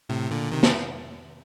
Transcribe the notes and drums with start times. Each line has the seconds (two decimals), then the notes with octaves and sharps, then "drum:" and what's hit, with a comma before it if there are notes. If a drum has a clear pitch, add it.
0.09 A2 C3
0.31 A#2 D3
0.52 C3 D#3
0.63 drum: snare